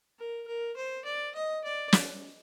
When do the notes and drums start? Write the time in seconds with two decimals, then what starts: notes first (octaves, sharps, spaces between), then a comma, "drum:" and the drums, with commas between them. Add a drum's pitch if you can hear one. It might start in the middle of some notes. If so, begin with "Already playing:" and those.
0.19 A#4
0.48 A#4
0.76 C5
1.05 D5
1.35 D#5
1.64 D5
1.92 drum: snare